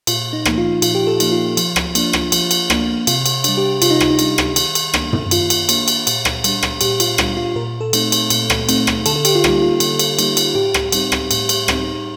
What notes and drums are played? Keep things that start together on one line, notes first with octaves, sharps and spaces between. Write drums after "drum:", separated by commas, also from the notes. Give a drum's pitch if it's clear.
A#2 F4, drum: cymbal
D#4
F3 A#3 D#4, drum: rim click
F4
A#2 F4, drum: cymbal
G4
A4
F3 A#3 D#4, drum: cymbal
F4
F3, drum: cymbal
drum: rim click
A#3 D4, drum: cymbal
drum: rim click
F3, drum: cymbal
drum: cymbal
A#3 D4, drum: rim click
C3 F4, drum: cymbal
drum: cymbal
G3 D4, drum: cymbal
G4
C3 F4, drum: cymbal
D#4
drum: rim click
D#4
G3 D4, drum: cymbal
drum: rim click
D#3, drum: cymbal
drum: cymbal
A#3 D4, drum: rim click
drum: tom
D#3 F4, drum: cymbal
drum: cymbal
A#3 D4, drum: cymbal
drum: cymbal
A#2, drum: cymbal
drum: rim click
G3 D4, drum: cymbal
drum: rim click
A#2 G4, drum: cymbal
F4, drum: cymbal
G3 D4 F4, drum: rim click
F4
A#2 A#4
A4
A3 C4 D#4, drum: cymbal
drum: cymbal
A#2, drum: cymbal
drum: rim click
A3 C4 D#4, drum: cymbal
drum: rim click
D3 A4, drum: cymbal
A4
G4, drum: cymbal
F4
G3 A#3 D#4 G4, drum: rim click
F4
D3, drum: cymbal
drum: cymbal
G3 A#3 D#4, drum: cymbal
drum: cymbal
A2 G4
drum: rim click
G3 C4 D#4, drum: cymbal
drum: rim click
A2, drum: cymbal
drum: cymbal
G3 C4 D#4, drum: rim click